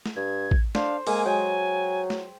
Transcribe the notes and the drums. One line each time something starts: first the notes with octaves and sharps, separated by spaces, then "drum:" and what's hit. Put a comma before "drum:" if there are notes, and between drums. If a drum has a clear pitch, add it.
drum: snare
G2 G#6
drum: kick A1
D4 C5 F5, drum: snare
G#3 A#3 G#5, drum: open hi-hat
F#3 G5 G#5
drum: snare